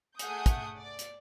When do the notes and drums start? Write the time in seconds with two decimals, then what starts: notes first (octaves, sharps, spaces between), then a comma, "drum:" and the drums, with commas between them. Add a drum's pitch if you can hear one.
0.19 A3 G#4 F#5 G#5 D#6 G6, drum: hi-hat
0.46 drum: kick, hi-hat
0.77 D5
0.99 drum: hi-hat